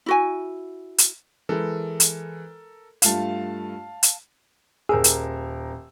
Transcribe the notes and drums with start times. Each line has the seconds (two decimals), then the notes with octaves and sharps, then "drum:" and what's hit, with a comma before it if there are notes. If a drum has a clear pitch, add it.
0.06 E4 F#4 G#5
0.98 drum: hi-hat
1.49 E3 G#3 A4 A#4
2.00 drum: hi-hat
3.02 G2 A3 F4 F5 A5, drum: hi-hat
4.03 drum: hi-hat
4.89 D#1 G#4 A#4 E6
5.04 drum: hi-hat